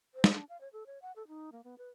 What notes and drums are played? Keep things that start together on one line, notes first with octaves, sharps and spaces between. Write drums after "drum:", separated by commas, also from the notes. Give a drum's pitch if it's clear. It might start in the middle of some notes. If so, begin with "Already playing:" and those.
C5
drum: snare
D4
F5
C#5
A4
C#5
F#5
A4
D#4
A#3
B3
B4